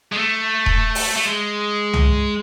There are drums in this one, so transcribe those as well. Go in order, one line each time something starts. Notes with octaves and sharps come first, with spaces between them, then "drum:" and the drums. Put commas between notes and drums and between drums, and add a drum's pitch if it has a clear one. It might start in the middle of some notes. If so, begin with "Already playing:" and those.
G#3
A3
drum: kick D#1
drum: open hi-hat
A3
G#3
drum: tom C2